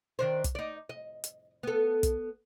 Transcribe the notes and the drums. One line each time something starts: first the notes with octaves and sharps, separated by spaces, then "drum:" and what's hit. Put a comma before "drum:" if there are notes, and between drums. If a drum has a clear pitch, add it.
D#3 D4 C5
drum: kick, hi-hat
D#4 D5
D#5
drum: hi-hat
B3 A4
drum: kick, hi-hat